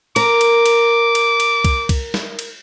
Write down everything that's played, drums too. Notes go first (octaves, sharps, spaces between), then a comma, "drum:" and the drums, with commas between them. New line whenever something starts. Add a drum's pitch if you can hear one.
A#4 D6, drum: cymbal
drum: cymbal
drum: cymbal
drum: cymbal
drum: cymbal
drum: kick C2, cymbal
drum: kick C2, cymbal
drum: snare
drum: cymbal